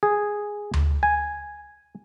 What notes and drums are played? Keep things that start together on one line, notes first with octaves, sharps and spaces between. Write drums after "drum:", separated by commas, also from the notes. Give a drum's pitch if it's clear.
G#4
drum: tom D2
G#5